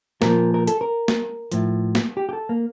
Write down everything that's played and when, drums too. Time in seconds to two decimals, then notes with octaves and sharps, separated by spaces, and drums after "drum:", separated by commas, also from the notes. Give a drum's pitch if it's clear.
0.22 A#2 F3 A#4, drum: snare A#3
0.54 A#4
0.67 A4, drum: hi-hat
0.81 A#4
1.08 drum: snare A#3
1.52 A2 F3, drum: hi-hat
1.95 drum: snare A#3
2.17 G4
2.29 G4
2.33 A4
2.49 A#3